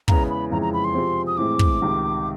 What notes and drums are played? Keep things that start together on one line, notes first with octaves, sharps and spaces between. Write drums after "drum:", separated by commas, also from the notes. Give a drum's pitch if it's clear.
E2 C#3 E3 G#3 B3 A#5, drum: kick
B5
F2 C#3 E3 G#3 A#5
A#5
B5
C6
C3 F3 G#3 C4
D#6
A2 E3 G#3 C4 D6
drum: kick
C#2 C3 D#3